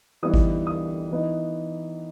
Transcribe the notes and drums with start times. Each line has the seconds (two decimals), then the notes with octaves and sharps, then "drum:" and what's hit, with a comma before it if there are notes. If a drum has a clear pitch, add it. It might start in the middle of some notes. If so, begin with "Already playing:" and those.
0.23 E3 G3 B3 D#4 D#6
0.34 drum: kick G#1
0.67 D#6
1.11 E3 B3 D#4